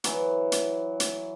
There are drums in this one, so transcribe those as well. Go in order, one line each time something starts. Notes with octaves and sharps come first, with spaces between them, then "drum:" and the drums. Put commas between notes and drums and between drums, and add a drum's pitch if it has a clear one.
E3 F#3, drum: hi-hat
drum: hi-hat
drum: hi-hat